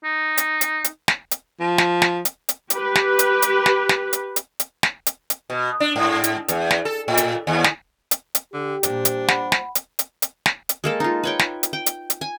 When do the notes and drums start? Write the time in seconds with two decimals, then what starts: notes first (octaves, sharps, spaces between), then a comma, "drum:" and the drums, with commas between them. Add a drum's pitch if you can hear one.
0.04 D#4
0.38 drum: hi-hat
0.61 drum: hi-hat
0.84 drum: hi-hat
1.08 drum: snare
1.31 drum: hi-hat
1.60 F3
1.78 drum: snare
2.02 drum: snare
2.25 drum: hi-hat
2.49 drum: hi-hat
2.70 G4 B4, drum: hi-hat
2.95 drum: snare
3.19 drum: hi-hat
3.42 drum: hi-hat
3.66 drum: snare
3.89 drum: snare
4.13 drum: hi-hat
4.36 drum: hi-hat
4.60 drum: hi-hat
4.83 drum: snare
5.06 drum: hi-hat
5.30 drum: hi-hat
5.50 B2
5.80 D4
5.96 G#2
6.24 drum: hi-hat
6.48 E2, drum: hi-hat
6.71 drum: snare
6.85 A4
7.08 A2
7.17 drum: hi-hat
7.47 D#2
7.64 drum: snare
8.11 drum: hi-hat
8.35 drum: hi-hat
8.54 D3 G4
8.83 A#2 F3 G3 D4, drum: hi-hat
9.05 drum: hi-hat
9.28 F#5 B5, drum: snare
9.52 drum: snare
9.75 drum: hi-hat
9.99 drum: hi-hat
10.22 drum: hi-hat
10.46 drum: snare
10.69 drum: hi-hat
10.84 G#3 A#3 A4
11.00 D#4 F4
11.23 B4 C#5 G5
11.39 drum: snare
11.63 drum: hi-hat
11.73 G5
11.86 drum: hi-hat
12.10 drum: hi-hat
12.21 G#5